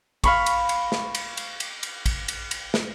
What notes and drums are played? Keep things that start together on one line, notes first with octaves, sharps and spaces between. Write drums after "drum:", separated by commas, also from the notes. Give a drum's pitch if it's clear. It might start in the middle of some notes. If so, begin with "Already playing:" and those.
F5 B5 C#6, drum: kick, cymbal
drum: cymbal
drum: cymbal
drum: snare
drum: cymbal
drum: cymbal
drum: cymbal
drum: cymbal
drum: kick, cymbal
drum: cymbal
drum: cymbal
drum: snare